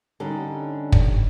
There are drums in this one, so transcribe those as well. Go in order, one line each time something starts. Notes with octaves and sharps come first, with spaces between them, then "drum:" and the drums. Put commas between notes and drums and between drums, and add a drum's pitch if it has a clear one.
D3 G3 C#4 D#4
drum: kick